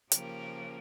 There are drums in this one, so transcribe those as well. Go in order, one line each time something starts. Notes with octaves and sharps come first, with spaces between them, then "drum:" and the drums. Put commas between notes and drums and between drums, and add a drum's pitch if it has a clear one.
C#3 F3 A#3 G4 A#4, drum: hi-hat